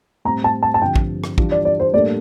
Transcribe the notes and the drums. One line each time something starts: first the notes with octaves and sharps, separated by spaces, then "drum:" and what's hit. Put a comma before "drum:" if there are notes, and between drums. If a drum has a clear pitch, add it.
A2 G3 C4 A#5
A5
A5
A5
G2 D3 F3 C4 G5
drum: kick
drum: rim click
E3 G3 D4 F4, drum: kick
D5
D5
C5
A2 G3 A#3 D4 A4 D5